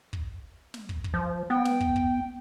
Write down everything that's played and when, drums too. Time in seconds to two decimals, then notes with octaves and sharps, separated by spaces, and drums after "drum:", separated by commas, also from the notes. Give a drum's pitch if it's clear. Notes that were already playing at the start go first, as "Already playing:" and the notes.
0.13 drum: kick
0.74 drum: snare
0.89 drum: kick
1.04 drum: kick
1.14 F3
1.50 B3 G5
1.65 drum: snare
1.80 drum: kick
1.96 drum: kick